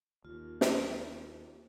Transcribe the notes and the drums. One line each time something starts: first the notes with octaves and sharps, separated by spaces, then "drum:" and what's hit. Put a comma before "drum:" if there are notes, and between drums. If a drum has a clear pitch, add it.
D#2 F4
drum: snare